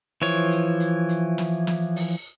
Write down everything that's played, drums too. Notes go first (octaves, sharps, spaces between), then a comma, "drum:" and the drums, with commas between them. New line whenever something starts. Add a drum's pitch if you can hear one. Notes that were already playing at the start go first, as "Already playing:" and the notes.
E3 F3 C#5, drum: hi-hat
drum: hi-hat
drum: hi-hat
drum: hi-hat
drum: snare
drum: snare
drum: open hi-hat